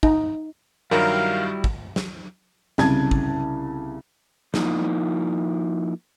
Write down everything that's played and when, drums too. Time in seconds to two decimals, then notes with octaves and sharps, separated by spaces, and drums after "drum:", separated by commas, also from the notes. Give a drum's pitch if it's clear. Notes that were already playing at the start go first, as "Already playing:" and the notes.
0.03 D#4, drum: kick
0.91 G2 D#3 F#3 G3 E4 F#4 A#4 F5
1.64 drum: kick
1.96 drum: snare
2.78 C2 C#3 A5 G#6, drum: snare
3.11 drum: kick
4.54 F3 A#3 D#4 E4, drum: snare